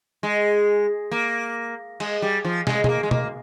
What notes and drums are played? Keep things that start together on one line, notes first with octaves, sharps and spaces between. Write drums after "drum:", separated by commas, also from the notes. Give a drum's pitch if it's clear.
G#3
A#3
G#3, drum: cymbal
G3
F3
G#3, drum: snare
G#3, drum: tom
A#3
G#3
A#3, drum: tom